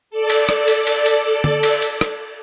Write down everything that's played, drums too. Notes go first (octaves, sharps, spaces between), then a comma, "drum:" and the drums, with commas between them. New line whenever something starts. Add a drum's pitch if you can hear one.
A4 D5
drum: cymbal
drum: rim click
drum: cymbal
drum: cymbal
drum: cymbal
drum: tom D3
drum: cymbal
drum: cymbal
drum: rim click